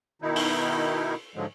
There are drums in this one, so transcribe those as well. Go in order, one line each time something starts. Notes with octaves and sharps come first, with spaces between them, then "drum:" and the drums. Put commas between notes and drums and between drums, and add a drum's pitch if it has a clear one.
B2 D#3 D#4 E4
drum: open hi-hat
G#2 D3 F3 F#3 G#3